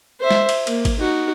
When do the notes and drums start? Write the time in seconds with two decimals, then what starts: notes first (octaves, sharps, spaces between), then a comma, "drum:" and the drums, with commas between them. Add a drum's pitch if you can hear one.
0.20 C5 E5
0.31 drum: snare
0.49 drum: cymbal
0.67 A#3, drum: cymbal
0.85 drum: kick G#1, cymbal
0.99 D#4 F#4